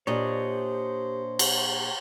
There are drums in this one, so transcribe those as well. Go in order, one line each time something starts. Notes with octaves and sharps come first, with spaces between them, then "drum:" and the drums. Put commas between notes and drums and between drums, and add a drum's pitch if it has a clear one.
A#2 D4 G4 C5 C#5 D#5
drum: cymbal